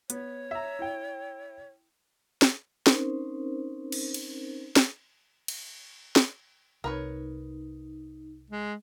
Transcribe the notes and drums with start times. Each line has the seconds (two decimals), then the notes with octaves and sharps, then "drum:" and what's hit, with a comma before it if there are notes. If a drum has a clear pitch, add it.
0.10 B3 C#5, drum: hi-hat
0.51 E5 A#5
0.79 E4 G5
2.42 drum: snare
2.87 C4 C#4 D#4 A#4 C5, drum: snare
3.92 drum: cymbal
4.14 drum: cymbal
4.76 drum: snare
5.48 drum: cymbal
6.16 drum: snare
6.84 C2 D#4 A#4 B4 C#5
8.50 G#3